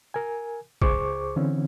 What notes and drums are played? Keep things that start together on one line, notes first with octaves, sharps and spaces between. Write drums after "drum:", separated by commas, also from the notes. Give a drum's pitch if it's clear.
A#4 G#5
C#2 G#4 C5 C#6 D6, drum: kick
D3 E3 C4 C#4